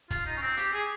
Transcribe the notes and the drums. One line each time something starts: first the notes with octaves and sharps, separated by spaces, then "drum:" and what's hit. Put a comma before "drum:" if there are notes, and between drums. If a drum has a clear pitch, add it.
F4, drum: kick, hi-hat
D#4
C#4
C4
G4, drum: hi-hat
G#4